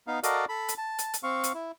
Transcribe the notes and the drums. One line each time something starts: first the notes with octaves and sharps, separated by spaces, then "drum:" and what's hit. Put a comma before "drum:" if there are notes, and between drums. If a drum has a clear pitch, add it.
B3 D#4 F5
F#4 A4 A#4 D5 D#5 F5, drum: hi-hat
A4 B5
drum: hi-hat
A5
drum: hi-hat
drum: hi-hat
C4 F5 C#6
drum: hi-hat
E4